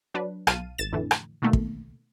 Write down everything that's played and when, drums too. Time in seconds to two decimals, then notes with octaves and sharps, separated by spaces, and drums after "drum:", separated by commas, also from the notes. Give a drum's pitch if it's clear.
0.14 F#3 D4 B4
0.47 B1 F5 A5 D#7, drum: rim click
0.78 G#1 A6 E7
0.92 F2 A2 D3 E3
1.11 drum: rim click
1.42 B2 D#3 A3 A#3
1.53 drum: kick